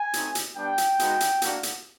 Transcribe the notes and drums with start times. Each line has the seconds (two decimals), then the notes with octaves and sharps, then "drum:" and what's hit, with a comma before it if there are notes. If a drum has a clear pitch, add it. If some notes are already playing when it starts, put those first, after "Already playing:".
Already playing: G#5
0.14 A3 C4 D#4, drum: hi-hat
0.35 drum: hi-hat
0.56 G3 B3 D4 G5
0.78 drum: hi-hat
0.99 G#3 B3 D#4 F#4, drum: hi-hat
1.20 drum: hi-hat
1.42 A#3 D4 F#4, drum: hi-hat
1.63 drum: hi-hat